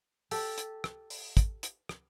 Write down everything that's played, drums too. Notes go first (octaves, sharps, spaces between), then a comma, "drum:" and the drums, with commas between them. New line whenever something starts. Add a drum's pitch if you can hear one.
G4 A4, drum: open hi-hat
drum: hi-hat
drum: rim click
drum: open hi-hat
drum: kick, hi-hat
drum: hi-hat
drum: rim click